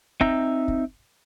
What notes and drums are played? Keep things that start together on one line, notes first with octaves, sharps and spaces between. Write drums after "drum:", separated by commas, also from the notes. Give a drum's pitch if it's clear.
C4 D#4 E5 A#5, drum: kick
drum: kick